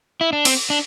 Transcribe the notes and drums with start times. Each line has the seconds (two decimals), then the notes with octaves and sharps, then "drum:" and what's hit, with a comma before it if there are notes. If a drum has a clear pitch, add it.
0.21 E4
0.33 D4
0.45 C4, drum: cymbal
0.70 D4